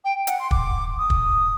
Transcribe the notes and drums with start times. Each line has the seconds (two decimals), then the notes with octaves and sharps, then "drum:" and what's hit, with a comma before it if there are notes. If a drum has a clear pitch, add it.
0.04 G5
0.27 F#5, drum: hi-hat
0.39 C6
0.51 D6, drum: kick
0.98 D#6
1.10 drum: kick